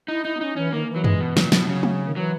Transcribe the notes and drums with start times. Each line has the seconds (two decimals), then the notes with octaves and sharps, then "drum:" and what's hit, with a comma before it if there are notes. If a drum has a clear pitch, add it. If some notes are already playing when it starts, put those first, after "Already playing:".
0.08 D#4 E4
0.25 D#4 E4
0.36 B3
0.40 C#4 D#4
0.56 E3 C#4
0.72 D#3 A#3
0.88 E3
0.96 F#3
1.04 G#3, drum: tom F#2
1.21 B2
1.37 A#2, drum: snare
1.52 B2 F#3, drum: snare
1.68 C#3
1.83 drum: tom G#3
2.05 D#3
2.16 E3 F#3